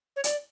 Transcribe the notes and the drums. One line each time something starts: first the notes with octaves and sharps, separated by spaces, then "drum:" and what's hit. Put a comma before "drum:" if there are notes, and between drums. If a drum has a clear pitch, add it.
C#5
D5, drum: hi-hat